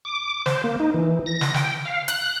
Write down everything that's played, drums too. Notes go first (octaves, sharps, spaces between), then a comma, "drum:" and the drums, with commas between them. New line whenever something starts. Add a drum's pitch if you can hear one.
D6
C5, drum: snare
A#3
D#4
E3
A#6
drum: snare
G5, drum: snare
F5
F#6, drum: hi-hat